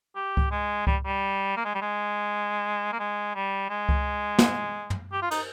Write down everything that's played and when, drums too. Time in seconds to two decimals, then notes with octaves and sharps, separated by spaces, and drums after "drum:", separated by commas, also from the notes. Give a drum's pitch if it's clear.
0.16 G4
0.37 drum: kick C#2
0.51 G#3
0.87 G3, drum: kick C#2
1.06 G3
1.57 A#3
1.65 G#3
1.74 G3
1.82 G#3
2.93 A#3
2.99 G#3
3.35 G3
3.70 G#3
3.89 drum: kick C#2
4.39 drum: snare
4.90 drum: tom
5.12 G4
5.22 F4
5.31 D#4, drum: cymbal